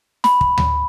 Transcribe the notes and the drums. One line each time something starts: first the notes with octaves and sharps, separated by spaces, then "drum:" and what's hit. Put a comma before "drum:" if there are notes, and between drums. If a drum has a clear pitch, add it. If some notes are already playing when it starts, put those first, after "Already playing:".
B5, drum: snare
drum: kick
drum: tom D2